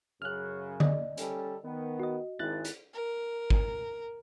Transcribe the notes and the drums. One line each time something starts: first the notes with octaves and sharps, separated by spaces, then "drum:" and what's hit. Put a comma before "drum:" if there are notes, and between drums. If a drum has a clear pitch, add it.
F#2 C#3 F6 F#6
D5 D#5, drum: tom D3
G3 C#4 A4, drum: hi-hat
D#3 B3
F#4 D#5
G#1 E4 F#6 A6
drum: hi-hat
A#4
drum: kick G#1